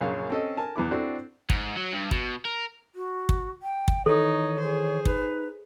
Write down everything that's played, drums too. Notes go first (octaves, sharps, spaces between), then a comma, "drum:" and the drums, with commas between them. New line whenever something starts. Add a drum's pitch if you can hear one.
A#1 F#2 C#3 C#5 F5
C4 C#4 A4 D#5
A#4 G#5 A5
E2 B3 E4 D6
C4 D4 E4 F#4 A4
G#2, drum: kick
F#3
G2
B2, drum: kick
A#4
F#4
drum: kick
G5
drum: kick
D#3 E3 D#4 A4 B4 C#5
G#4 C5
D#4 B4, drum: kick